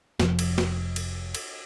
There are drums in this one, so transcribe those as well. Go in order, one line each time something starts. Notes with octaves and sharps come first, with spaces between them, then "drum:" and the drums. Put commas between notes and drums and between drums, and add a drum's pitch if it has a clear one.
F1 F3, drum: snare
drum: cymbal
drum: snare
drum: cymbal
drum: cymbal